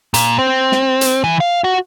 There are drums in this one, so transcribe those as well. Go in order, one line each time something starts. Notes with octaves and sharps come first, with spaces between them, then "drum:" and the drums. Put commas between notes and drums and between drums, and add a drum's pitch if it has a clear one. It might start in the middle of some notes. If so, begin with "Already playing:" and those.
A#2, drum: hi-hat
C4
drum: snare
drum: hi-hat
E3
F5
F#4